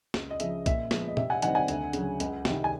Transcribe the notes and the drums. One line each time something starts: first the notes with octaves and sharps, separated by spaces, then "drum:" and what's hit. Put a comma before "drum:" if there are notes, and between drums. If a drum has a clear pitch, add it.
C#2, drum: snare
D#5
C#3 F3 E5, drum: hi-hat
A#2 E5, drum: kick B1, hi-hat
F3 G#3 B3, drum: snare
D#5
C3 E5, drum: tom A#2
F#5 G#5
D#3 G3 C4 D#4 F#5 G#5, drum: hi-hat
F#5 G#5
D2, drum: hi-hat
C#3 F#3, drum: hi-hat
C#2, drum: hi-hat
C3 D#3, drum: snare
G#5